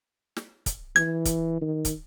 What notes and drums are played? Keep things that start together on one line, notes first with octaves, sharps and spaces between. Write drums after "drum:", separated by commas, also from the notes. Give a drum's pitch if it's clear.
drum: snare
drum: kick, hi-hat
E3 G#6, drum: snare
drum: kick, hi-hat
D#3
drum: kick, hi-hat